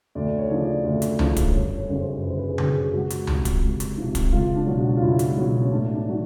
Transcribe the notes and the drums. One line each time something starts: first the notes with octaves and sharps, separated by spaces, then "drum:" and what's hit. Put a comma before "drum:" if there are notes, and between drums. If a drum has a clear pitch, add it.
D2 D5
C#5
C#3 F3
D5
D2
drum: hi-hat
C#3 F3, drum: tom C#2
drum: kick, hi-hat
G1 C#5
C#5
F#2 C#3 F#3
C5
G1 B4
C5
B4
G#4
F#2 C#3 F#3, drum: tom C#3
G#4
C#2 F#4
drum: hi-hat
C3 F3, drum: tom C#2
drum: kick, hi-hat
C#2
drum: hi-hat
C3 F3
drum: kick, hi-hat
C#2 F4
D4
B2 F#3
F#4
F4
C#2 E4
drum: hi-hat
B2 F#3
C#4
A1 D4
D4
D#3 F#3